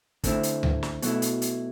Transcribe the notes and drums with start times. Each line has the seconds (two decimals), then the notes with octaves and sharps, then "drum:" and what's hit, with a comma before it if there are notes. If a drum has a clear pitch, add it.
0.24 D3 A3 C4 E4, drum: kick, hi-hat
0.43 drum: hi-hat
0.63 drum: tom C#2
0.83 drum: snare
1.02 B2 F#3 A3 E4, drum: hi-hat
1.22 drum: hi-hat
1.42 drum: hi-hat